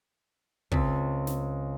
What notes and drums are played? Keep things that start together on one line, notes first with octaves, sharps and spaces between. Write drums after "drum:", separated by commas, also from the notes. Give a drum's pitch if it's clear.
C#2 C4 A6 B6, drum: kick
drum: snare